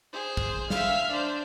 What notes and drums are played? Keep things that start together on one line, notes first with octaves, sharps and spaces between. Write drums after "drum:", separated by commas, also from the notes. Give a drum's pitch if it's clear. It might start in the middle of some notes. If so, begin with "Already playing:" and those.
G#4 C5
drum: kick
E5 F5, drum: snare
D4 C5